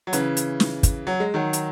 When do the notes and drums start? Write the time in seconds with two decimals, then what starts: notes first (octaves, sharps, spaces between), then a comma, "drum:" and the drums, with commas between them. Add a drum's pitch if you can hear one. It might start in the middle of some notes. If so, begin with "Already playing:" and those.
0.07 F#3
0.13 C#3 E3, drum: hi-hat
0.37 drum: hi-hat
0.60 drum: snare
0.83 drum: kick, hi-hat
1.07 F#3
1.20 G#3
1.34 D#3 F#3
1.53 drum: hi-hat